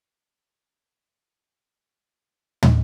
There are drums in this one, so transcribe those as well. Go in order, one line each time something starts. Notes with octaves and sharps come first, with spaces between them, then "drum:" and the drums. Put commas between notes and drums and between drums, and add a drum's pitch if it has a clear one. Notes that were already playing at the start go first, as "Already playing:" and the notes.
C3 C#5
C#3 G5 C6 E6
drum: tom